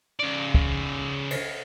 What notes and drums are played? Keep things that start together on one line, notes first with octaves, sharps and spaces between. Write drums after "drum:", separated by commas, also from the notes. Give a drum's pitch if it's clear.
C#3 D5
drum: kick
drum: cymbal